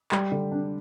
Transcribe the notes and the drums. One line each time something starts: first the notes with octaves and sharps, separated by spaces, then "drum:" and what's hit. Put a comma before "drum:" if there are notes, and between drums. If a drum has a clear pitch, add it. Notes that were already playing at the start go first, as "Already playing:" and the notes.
G3, drum: clap
D3
D4